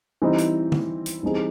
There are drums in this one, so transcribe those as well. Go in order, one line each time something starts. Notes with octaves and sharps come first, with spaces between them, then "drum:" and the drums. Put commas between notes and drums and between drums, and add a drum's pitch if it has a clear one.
E3 G3 C4 D#4
drum: hi-hat
drum: tom D#3
drum: hi-hat
E3 G3 C4 D#4 G#4